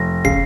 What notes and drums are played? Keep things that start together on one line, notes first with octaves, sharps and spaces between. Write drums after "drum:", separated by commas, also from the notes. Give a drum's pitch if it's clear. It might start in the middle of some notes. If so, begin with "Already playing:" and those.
Already playing: F1 A#6
C#3 C7, drum: kick